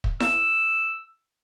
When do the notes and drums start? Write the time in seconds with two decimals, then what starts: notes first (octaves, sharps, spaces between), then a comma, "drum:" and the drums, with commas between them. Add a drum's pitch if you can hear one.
0.04 drum: kick
0.20 E6, drum: snare E4